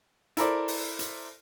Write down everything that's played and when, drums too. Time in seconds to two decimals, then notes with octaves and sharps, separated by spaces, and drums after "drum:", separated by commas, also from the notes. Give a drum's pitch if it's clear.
0.37 E4 A4 A#4 C5 D5, drum: hi-hat
0.68 drum: open hi-hat
0.99 drum: hi-hat